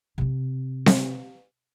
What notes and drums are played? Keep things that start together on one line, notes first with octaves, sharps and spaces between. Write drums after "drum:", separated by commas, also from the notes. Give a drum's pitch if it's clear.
C3 C4
drum: snare C4